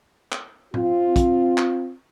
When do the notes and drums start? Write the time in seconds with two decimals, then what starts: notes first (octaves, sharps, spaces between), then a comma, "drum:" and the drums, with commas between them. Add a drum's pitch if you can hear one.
0.32 drum: clap
0.74 C4 F4, drum: tom A2
1.16 drum: kick, hi-hat
1.58 drum: clap